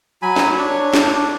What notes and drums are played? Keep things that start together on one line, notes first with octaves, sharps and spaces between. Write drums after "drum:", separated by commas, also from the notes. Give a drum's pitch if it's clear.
F#3 G#5 B5
drum: snare
D4 C#5
drum: snare
D4